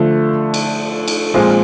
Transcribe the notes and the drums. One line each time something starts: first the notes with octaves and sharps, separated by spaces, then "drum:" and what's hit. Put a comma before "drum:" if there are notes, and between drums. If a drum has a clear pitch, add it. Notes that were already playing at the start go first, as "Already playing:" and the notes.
Already playing: D3 F3 A3
drum: cymbal
drum: cymbal
A#2 F3 G#3 C4 F4